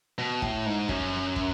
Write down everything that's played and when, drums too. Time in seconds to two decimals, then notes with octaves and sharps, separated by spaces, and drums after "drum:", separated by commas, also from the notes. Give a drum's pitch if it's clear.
0.18 B2
0.42 A2, drum: kick
0.66 G#2
0.89 F#2, drum: kick
1.36 drum: kick